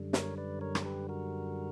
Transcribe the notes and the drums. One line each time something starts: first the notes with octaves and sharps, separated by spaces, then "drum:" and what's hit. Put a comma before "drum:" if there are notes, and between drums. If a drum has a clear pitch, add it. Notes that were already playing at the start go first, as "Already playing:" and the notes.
Already playing: F#2 D3 G3
A#4 C#5, drum: snare
B4 D5
A#4 C#5
drum: rim click
G4 B4
F#4 A#4